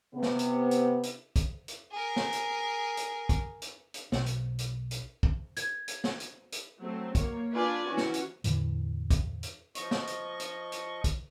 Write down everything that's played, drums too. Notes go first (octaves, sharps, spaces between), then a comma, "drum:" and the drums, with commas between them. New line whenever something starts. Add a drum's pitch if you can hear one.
C3 B3
drum: snare
drum: hi-hat
drum: hi-hat
drum: hi-hat
drum: kick B1, hi-hat
drum: hi-hat
G#4 A#4
drum: snare
drum: hi-hat
drum: hi-hat
drum: kick B1, hi-hat
drum: hi-hat
drum: hi-hat
B1, drum: snare
drum: hi-hat
drum: hi-hat
drum: hi-hat
drum: kick B1
G#6, drum: hi-hat
drum: hi-hat
drum: snare
drum: hi-hat
drum: hi-hat
F#3 A3 C4
A#3 C#5, drum: kick B1, hi-hat
D4 F4 B4 D5 G#5
E3 C#4 F#4
drum: snare
drum: hi-hat
E2 A2 D3 E3, drum: hi-hat
drum: kick B1, hi-hat
drum: hi-hat
F3 D#5 C#6, drum: hi-hat
drum: snare
drum: hi-hat
drum: hi-hat
drum: hi-hat
drum: kick B1, hi-hat